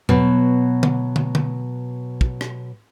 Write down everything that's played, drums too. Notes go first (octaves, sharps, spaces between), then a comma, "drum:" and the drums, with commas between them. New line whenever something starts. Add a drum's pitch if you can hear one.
B2 F#3, drum: tom E2
drum: tom
drum: tom
drum: tom
drum: kick
drum: rim click